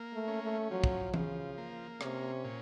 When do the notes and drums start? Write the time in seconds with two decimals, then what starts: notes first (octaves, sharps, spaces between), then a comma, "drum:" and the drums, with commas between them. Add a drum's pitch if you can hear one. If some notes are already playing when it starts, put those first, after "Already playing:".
Already playing: A#3
0.13 A3
0.28 C#4
0.42 A3
0.71 F3 F#3
0.84 drum: kick
1.14 C#3 F3, drum: tom
1.58 A#3
2.01 C3 C#4, drum: rim click
2.44 A#2